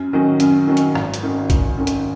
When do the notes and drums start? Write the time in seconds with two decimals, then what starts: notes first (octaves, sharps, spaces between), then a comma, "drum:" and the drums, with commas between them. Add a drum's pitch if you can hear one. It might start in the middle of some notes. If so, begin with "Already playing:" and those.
Already playing: F#2
0.13 D#3 F#3 C#4
0.40 F#2, drum: hi-hat
0.67 D#3 F#3 C#4
0.77 drum: hi-hat
0.95 G#1, drum: rim click
1.14 drum: hi-hat
1.23 F#2 D#3
1.50 G#1, drum: kick A#1, hi-hat
1.77 F#2 D#3
1.87 drum: hi-hat